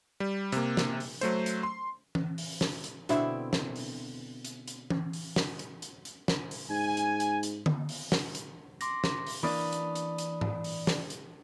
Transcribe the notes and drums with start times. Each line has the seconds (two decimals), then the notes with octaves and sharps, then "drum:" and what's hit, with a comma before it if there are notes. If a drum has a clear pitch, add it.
0.20 G3
0.52 C3 A#3, drum: hi-hat
0.77 drum: snare
1.00 drum: open hi-hat
1.21 F#3 A3 C5, drum: hi-hat
1.46 drum: hi-hat
1.63 C6
2.15 drum: tom E3
2.38 drum: open hi-hat
2.61 drum: snare
2.84 drum: hi-hat
3.09 B2 D3 C4 E4, drum: hi-hat
3.53 drum: snare
3.76 drum: open hi-hat
4.45 drum: hi-hat
4.68 drum: hi-hat
4.90 drum: tom E3
5.13 drum: open hi-hat
5.36 drum: snare
5.59 drum: hi-hat
5.82 drum: hi-hat
6.05 drum: hi-hat
6.28 drum: snare
6.51 drum: open hi-hat
6.70 G#2 G#5
6.97 drum: hi-hat
7.20 drum: hi-hat
7.43 drum: hi-hat
7.66 drum: tom D3
7.89 drum: open hi-hat
8.12 drum: snare
8.35 drum: hi-hat
8.81 C6 D6 A#6, drum: hi-hat
9.04 drum: snare
9.27 drum: open hi-hat
9.43 E3 A#3 D4 B5 D#6
9.73 drum: hi-hat
9.95 drum: hi-hat
10.18 drum: hi-hat
10.41 drum: tom G#2
10.64 drum: open hi-hat
10.87 drum: snare
11.10 drum: hi-hat